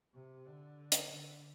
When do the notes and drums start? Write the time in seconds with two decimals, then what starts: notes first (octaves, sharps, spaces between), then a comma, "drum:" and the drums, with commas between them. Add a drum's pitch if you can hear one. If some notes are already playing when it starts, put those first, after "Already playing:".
0.14 C3
0.46 D3
0.92 drum: hi-hat
1.11 D3